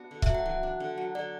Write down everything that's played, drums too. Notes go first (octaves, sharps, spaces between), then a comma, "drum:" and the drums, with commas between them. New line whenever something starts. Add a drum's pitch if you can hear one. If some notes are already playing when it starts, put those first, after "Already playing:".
Already playing: B3 D4 F#4
D3
E5, drum: kick
F#3
F#5
E3 F#5
D4
D3
F#3
D3 D5